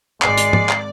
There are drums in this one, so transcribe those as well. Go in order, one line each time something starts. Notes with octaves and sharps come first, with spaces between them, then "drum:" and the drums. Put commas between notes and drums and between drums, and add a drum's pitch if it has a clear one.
G#1 G#3 D5 C7, drum: clap
drum: hi-hat
drum: tom G#2
drum: clap